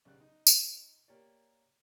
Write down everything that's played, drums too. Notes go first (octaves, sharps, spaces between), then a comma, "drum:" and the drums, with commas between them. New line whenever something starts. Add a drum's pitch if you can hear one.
B1 C#3 G4 D5 F#6
D#4
drum: tambourine
A#3 G4 C#5 D5